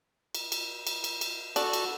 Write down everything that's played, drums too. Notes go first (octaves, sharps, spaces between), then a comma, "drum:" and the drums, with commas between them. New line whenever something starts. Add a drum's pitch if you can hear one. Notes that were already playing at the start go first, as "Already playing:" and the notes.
drum: cymbal
drum: cymbal
drum: cymbal
drum: cymbal
drum: cymbal
D4 F#4 A4, drum: cymbal
drum: cymbal